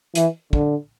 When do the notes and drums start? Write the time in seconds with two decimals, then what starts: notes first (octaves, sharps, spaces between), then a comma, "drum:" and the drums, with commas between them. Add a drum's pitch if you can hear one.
0.15 E3, drum: hi-hat
0.53 D3, drum: kick